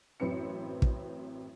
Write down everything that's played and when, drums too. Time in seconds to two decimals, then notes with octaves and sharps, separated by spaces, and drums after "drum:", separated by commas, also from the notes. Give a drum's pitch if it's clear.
0.20 A1 F#2 C4 B4 C#7
0.82 drum: kick